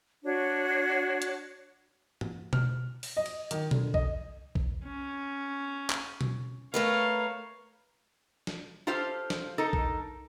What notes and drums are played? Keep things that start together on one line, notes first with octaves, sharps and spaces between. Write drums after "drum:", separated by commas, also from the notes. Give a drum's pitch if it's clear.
D4 F#4 C#5
drum: hi-hat
drum: tom G#2
F6, drum: tom B2
drum: open hi-hat
D#5
drum: cymbal
D#3, drum: hi-hat
D3, drum: tom B2
D#5, drum: kick
drum: kick
C#4
drum: clap
drum: tom B2
A3 A#4 B4 C#5 F5
drum: snare
F4 G4 A4 C5 F5
drum: snare
D#4 A4 A#4
drum: kick